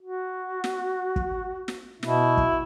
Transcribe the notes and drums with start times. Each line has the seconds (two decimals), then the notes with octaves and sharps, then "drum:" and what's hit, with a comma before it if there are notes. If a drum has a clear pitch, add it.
0.02 F#4
0.64 drum: snare
1.16 drum: kick
1.68 drum: snare
2.03 B2 E4, drum: snare
2.37 drum: kick